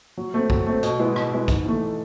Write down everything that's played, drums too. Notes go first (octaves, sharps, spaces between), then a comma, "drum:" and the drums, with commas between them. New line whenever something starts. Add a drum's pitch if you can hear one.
F#3
A3 C4
F#3, drum: kick
A3 C4
B2, drum: hi-hat
G#3 B3 E4
B2, drum: rim click
G#3 B3 E4
G#2, drum: kick, hi-hat
E3 A3